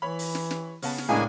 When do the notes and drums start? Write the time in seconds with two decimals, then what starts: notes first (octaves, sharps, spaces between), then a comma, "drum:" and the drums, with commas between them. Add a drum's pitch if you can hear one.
0.02 E3 C#5 B5
0.19 drum: open hi-hat
0.35 drum: snare
0.51 drum: snare
0.82 C#3 B3 A5, drum: open hi-hat
0.98 drum: snare
1.09 A2 G#3 A#3 D4 G#4 G#5